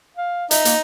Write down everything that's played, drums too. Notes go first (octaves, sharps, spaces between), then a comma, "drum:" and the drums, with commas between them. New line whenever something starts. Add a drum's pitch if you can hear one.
F5
D#4 E5, drum: hi-hat
A#3, drum: hi-hat